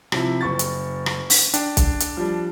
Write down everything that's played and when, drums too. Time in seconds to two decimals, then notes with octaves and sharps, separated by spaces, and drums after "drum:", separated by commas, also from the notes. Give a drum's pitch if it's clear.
0.12 C3 F3 E4, drum: rim click
0.41 F#1 C#6 A6
0.59 drum: hi-hat
1.06 drum: rim click
1.30 drum: open hi-hat
1.54 D4 G5, drum: hi-hat
1.77 drum: kick B1, hi-hat
2.00 drum: hi-hat
2.17 F3 G3